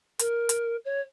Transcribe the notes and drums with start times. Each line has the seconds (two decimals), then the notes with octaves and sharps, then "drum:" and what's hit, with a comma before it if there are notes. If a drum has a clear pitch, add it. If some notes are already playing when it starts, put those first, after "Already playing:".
0.19 A#4, drum: hi-hat
0.49 drum: hi-hat
0.85 C#5